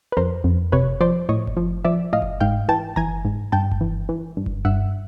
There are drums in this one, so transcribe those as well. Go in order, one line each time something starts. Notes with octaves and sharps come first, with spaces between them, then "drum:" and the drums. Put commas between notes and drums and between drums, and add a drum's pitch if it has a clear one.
B4
F2 A#4 C5
F2
C3 B4 C#5, drum: kick F#1
F3 C5 D5
A2 C#5 D#5
drum: kick F#1
F3
F3 D5 E5
A2 D#5 F5
drum: kick F#1
G#2 F5 G5
E3 G5 A5
E3 G#5 A#5, drum: kick F#1
G#2
G2 G5 A5
drum: kick F#1
E3
E3
G2
drum: kick F#1
G2 E5 F#5